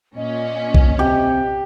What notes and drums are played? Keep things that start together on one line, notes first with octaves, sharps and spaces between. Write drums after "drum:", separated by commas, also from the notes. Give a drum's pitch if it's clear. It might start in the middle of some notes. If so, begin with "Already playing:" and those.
A#2 C#4 D#5
drum: kick A#1
C3 G4